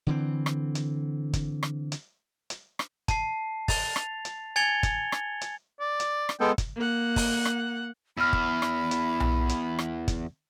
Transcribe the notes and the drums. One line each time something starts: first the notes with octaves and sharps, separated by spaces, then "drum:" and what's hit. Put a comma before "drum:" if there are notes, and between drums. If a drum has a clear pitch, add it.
D3 E3 C4
drum: rim click
drum: hi-hat
drum: kick G1, hi-hat
drum: rim click
drum: hi-hat
drum: hi-hat
drum: rim click
A5 C7, drum: kick G1, hi-hat
A6 F7, drum: kick G1, open hi-hat
drum: rim click
drum: hi-hat
G#5 G#6 A6 C#7 F7 G7
drum: kick G1, hi-hat
drum: rim click
drum: hi-hat
D5
drum: hi-hat
drum: rim click
G#3 B3 A4 G5
drum: kick G1, hi-hat
A#3 F#5
drum: kick G1, open hi-hat
drum: rim click
E2 B5 E6 F6
drum: kick G1
drum: rim click
drum: hi-hat
drum: tom B1
drum: hi-hat
drum: rim click
drum: kick G1, hi-hat